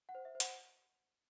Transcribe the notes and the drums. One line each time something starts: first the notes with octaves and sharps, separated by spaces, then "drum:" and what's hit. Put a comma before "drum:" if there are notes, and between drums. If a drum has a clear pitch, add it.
F#5
C5
E5
C5
F#5, drum: hi-hat